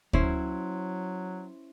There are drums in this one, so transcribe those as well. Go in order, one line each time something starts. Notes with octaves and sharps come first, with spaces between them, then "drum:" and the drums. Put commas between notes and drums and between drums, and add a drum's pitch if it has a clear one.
F#3 C#4 E4 C5, drum: kick D2